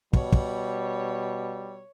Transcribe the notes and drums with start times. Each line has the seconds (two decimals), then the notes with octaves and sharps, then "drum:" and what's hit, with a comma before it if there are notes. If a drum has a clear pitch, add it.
0.13 B2 G3 C#5, drum: kick
0.32 drum: kick